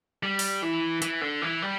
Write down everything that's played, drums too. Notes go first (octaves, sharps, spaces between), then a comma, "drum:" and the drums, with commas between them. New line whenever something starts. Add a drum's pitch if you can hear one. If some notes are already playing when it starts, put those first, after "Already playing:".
G3
drum: open hi-hat
E3
E3, drum: hi-hat
D3
E3
G3